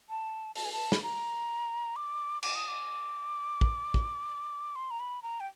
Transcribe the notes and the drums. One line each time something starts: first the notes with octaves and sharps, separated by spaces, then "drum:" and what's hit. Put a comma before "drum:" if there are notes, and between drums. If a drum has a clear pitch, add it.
A5
A5, drum: open hi-hat
G#5
A5
B5, drum: snare
A#5
D6
D6, drum: cymbal
D#6
D6
drum: kick
drum: kick
C6
A#5
B5
A#5
G5